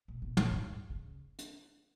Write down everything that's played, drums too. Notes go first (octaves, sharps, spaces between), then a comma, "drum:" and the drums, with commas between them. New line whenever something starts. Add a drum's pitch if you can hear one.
B2
B2
A#2, drum: tom
G#2
C#3
drum: hi-hat